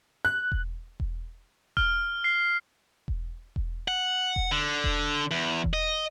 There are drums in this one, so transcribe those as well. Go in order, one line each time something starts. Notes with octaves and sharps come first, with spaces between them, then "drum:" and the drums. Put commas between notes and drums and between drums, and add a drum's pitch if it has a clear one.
F#6
drum: kick E1
drum: kick E1
F6, drum: kick E1
C7
drum: kick E1
drum: kick E1
F#5
drum: kick E1
D3
drum: kick E1
E2
drum: kick E1
D#5